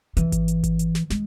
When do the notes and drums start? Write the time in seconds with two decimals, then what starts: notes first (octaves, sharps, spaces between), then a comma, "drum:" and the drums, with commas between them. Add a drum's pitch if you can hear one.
0.17 E3, drum: hi-hat
0.32 drum: kick G#1, hi-hat
0.48 drum: hi-hat
0.64 drum: kick G#1, hi-hat
0.79 drum: hi-hat
0.95 drum: snare
1.10 G#3, drum: snare